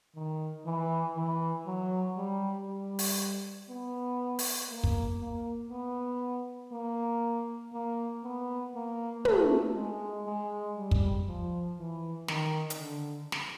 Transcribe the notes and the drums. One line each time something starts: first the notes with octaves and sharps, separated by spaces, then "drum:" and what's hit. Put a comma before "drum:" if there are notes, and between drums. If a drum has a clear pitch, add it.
D#3
E3
E3
F#3
G3
G3
drum: open hi-hat
B3
drum: open hi-hat
A#3
drum: kick
A#3
B3
A#3
A#3
B3
A#3
A3, drum: tom
G#3
G#3
G3
drum: kick
F3
E3
D#3, drum: snare
drum: hi-hat
D3
drum: snare